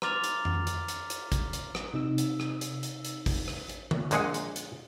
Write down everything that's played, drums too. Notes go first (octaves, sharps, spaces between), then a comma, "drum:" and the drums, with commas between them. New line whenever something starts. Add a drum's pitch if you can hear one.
A#5 C6 D6 F6 A6 F7, drum: rim click
drum: hi-hat
drum: tom F2
drum: hi-hat
drum: hi-hat
drum: hi-hat
drum: kick, hi-hat
drum: hi-hat
drum: rim click
C3 D#4 E6
drum: hi-hat
drum: rim click
drum: hi-hat
drum: hi-hat
drum: hi-hat
drum: kick, open hi-hat
drum: rim click
drum: hi-hat
drum: tom D3
A#1 A#2 G#3 G#4 F#5, drum: hi-hat
drum: hi-hat
drum: hi-hat